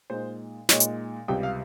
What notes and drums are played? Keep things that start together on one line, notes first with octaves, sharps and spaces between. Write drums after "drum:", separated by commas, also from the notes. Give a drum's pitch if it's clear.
A#2 G#3 D#4 C5
A#2 G#3 D#4 C#5, drum: snare
drum: hi-hat
C#2 C3 G3 G5
F5